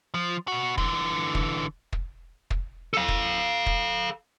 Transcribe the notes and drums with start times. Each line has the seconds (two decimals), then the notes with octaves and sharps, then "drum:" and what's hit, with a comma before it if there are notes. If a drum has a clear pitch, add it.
0.14 F3
0.48 B2 F#4
0.78 D3 E3, drum: kick
1.35 drum: kick
1.93 drum: kick
2.50 drum: kick
2.94 A4 F5
3.08 drum: kick
3.66 drum: kick